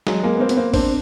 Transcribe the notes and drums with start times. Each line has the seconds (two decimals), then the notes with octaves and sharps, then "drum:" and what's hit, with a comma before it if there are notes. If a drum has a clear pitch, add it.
0.07 F#3 G#3, drum: snare
0.23 G#3 A#3
0.35 B3
0.40 A#3 C4
0.49 B3, drum: hi-hat
0.56 A#3 C4
0.74 C4 D4, drum: kick G#1, open hi-hat